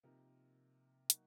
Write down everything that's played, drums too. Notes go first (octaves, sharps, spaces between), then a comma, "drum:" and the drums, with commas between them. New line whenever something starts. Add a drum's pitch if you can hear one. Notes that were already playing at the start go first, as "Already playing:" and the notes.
C3 F3 A#3 D#4 A#4
F#3 A#3 D#4 F#4, drum: hi-hat